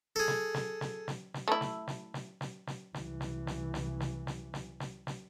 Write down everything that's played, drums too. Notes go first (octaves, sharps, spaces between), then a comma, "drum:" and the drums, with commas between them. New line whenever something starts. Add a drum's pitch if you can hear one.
G#4 A4
drum: snare
drum: snare
drum: snare
drum: snare
drum: snare
A3 E4
drum: snare
drum: snare
drum: snare
drum: snare
drum: snare
C2 E3, drum: snare
drum: snare
drum: snare
drum: snare
drum: snare
drum: snare
drum: snare
drum: snare
drum: snare